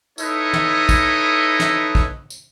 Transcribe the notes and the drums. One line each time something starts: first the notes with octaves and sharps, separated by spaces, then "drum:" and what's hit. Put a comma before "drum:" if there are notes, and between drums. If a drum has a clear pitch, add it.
D#4 E4 A4 B4 C#5 D#5, drum: tambourine
drum: tom
drum: kick, tambourine
drum: snare
drum: kick
drum: tambourine